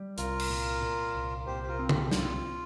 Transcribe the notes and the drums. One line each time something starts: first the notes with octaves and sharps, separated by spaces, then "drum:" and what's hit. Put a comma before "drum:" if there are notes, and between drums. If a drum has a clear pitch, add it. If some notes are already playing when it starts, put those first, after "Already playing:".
Already playing: G3
C2 F4 A#4, drum: hi-hat
drum: cymbal
A#2
A#2
C2
C2 G4 C5
G4
F4 A#4
C4
G4, drum: tom
C2 F4, drum: snare